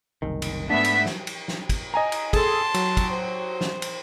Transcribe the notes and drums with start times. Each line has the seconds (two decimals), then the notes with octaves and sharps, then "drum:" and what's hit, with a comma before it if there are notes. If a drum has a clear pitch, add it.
0.22 F#1 C2 D#3
0.42 drum: cymbal
0.70 G#2 A3 B3 D4 E5 B6
0.84 drum: cymbal
1.06 drum: snare
1.27 drum: cymbal
1.48 drum: snare
1.69 drum: kick, cymbal
1.94 D#5 G#5 A#5
2.12 drum: cymbal
2.33 G#4 A4 A5 C6, drum: kick, cymbal
2.74 F#3, drum: cymbal
2.97 drum: kick, cymbal
3.11 C5
3.61 drum: snare
3.82 drum: cymbal